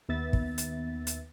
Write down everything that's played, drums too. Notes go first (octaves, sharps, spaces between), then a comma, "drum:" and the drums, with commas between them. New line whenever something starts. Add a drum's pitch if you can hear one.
D#2 B3 E5 A6
drum: kick
drum: hi-hat
drum: hi-hat